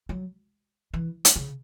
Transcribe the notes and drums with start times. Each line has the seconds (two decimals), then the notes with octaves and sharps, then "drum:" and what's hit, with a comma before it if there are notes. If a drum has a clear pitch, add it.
0.09 F#3
0.94 E3
1.25 drum: hi-hat
1.36 C#3